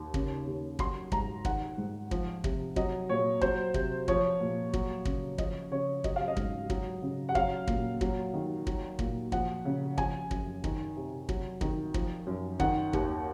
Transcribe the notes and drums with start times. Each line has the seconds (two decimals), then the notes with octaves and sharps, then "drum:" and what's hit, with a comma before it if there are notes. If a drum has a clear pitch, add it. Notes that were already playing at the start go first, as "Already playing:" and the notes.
Already playing: D#2
0.14 C#3, drum: kick
0.47 D#2
0.79 F#3 C6, drum: kick
1.12 G#2 A#5, drum: kick
1.45 D#3 F#5, drum: kick
1.78 G#2
2.11 F3, drum: kick
2.44 C3, drum: kick
2.76 F#3 D#5, drum: kick
3.09 A#2 C#5
3.41 F#3 C5, drum: kick
3.74 C3, drum: kick
4.08 F3 C#5, drum: kick
4.40 A#2
4.73 F#3, drum: kick
5.05 C#3, drum: kick
5.38 F3 D#5, drum: kick
5.71 C#3 C#5
6.04 F#3 D#5, drum: kick
6.16 F5
6.28 D#5
6.36 G#2, drum: kick
6.70 F#3, drum: kick
7.02 C#3
7.29 F#5
7.35 F#3 F5, drum: kick
7.67 A#2, drum: kick
8.01 F#3, drum: kick
8.34 D#3
8.67 F#3, drum: kick
8.99 A#2, drum: kick
9.32 F3 F#5, drum: kick
9.65 C#3
9.98 F3 G#5, drum: kick
10.31 F#2, drum: kick
10.64 D#3, drum: kick
10.96 C3
11.29 F#3, drum: kick
11.61 D#3, drum: kick
11.94 F3, drum: kick
12.27 F#2
12.60 D#3 F#5, drum: kick
12.93 D#2, drum: kick